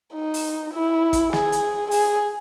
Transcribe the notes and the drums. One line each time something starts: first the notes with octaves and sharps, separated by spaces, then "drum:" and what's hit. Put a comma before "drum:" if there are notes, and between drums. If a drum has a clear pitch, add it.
D#4
drum: open hi-hat
E4
drum: kick, hi-hat
G#4, drum: snare
drum: hi-hat
G#4, drum: open hi-hat